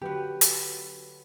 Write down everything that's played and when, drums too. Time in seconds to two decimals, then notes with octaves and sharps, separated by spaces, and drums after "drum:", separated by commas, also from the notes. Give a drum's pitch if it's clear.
0.01 D3 F#3 F#4 G4 B4
0.41 drum: hi-hat